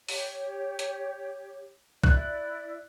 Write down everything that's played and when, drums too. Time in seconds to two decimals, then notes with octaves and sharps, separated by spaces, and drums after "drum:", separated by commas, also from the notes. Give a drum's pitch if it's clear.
0.09 G4 C#5, drum: open hi-hat
0.79 drum: hi-hat
2.04 E4 D5 F#6, drum: kick